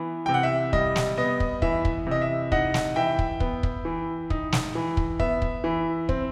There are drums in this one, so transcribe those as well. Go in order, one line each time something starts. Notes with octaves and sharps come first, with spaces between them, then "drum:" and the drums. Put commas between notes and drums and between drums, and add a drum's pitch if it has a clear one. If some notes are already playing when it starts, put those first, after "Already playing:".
Already playing: E3 B3
C3 G5
F#5
E5
G3 D#5, drum: kick
drum: snare
B3 D#5
drum: kick
E3 E5, drum: kick
drum: kick
C3 D#5
E5
D#4 D#5 F#5, drum: kick
drum: snare
E3 E5 G5
drum: kick
B3, drum: kick
drum: kick
E3
D#4, drum: kick
drum: snare
E3
drum: kick
B3 E5, drum: kick
drum: kick
E3
C4, drum: kick